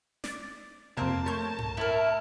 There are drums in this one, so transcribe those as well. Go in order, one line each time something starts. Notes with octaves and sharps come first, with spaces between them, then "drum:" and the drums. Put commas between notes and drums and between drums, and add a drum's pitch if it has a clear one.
D5, drum: snare
F2 C3 A#3 C4 A5
A3 A#4 C#5 G6
drum: tom G2
A2 E4 A#4